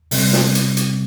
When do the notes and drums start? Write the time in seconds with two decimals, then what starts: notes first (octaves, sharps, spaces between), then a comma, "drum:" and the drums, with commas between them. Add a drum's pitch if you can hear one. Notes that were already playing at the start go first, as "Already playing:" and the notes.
0.11 C3 G3 C4, drum: open hi-hat
0.33 drum: snare
0.55 drum: hi-hat
0.77 drum: hi-hat